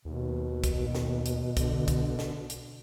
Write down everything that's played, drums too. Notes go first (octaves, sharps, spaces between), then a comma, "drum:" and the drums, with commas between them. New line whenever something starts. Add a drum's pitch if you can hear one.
D#2 B2
drum: kick, hi-hat
drum: snare
drum: hi-hat
D3, drum: kick, hi-hat
drum: kick, hi-hat
drum: snare
drum: hi-hat